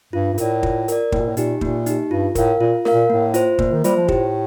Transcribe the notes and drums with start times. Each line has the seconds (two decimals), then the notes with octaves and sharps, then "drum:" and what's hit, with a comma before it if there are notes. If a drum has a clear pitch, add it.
0.13 G2 F4
0.34 G2
0.38 A2 A#4 D5, drum: hi-hat
0.63 F4, drum: kick
0.88 A#4 D5, drum: hi-hat
1.12 A2 A#3, drum: kick
1.20 A#2
1.28 A2
1.37 A#2 D#4 G4, drum: hi-hat
1.61 A#2 A#3, drum: kick
1.86 D#4 G4, drum: hi-hat
2.11 G2 F4
2.35 A2 A#4 F5, drum: kick, hi-hat
2.60 A#2 F4
2.85 A#4 F5, drum: snare
2.94 A#2
3.10 A2 A#3
3.34 F4 C5, drum: hi-hat
3.59 A#2 A#3, drum: kick
3.71 D#3
3.84 G3 F4 C5, drum: hi-hat
3.97 F3
4.08 A2 G4, drum: kick